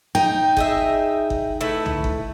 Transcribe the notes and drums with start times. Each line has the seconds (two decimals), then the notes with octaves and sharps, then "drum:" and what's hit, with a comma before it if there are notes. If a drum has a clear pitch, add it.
0.15 D#4 G5
0.57 G#4 D#5 E5, drum: kick G1
1.30 drum: kick G1
1.61 A3 E4 B4
1.86 drum: tom C2
2.04 drum: kick G1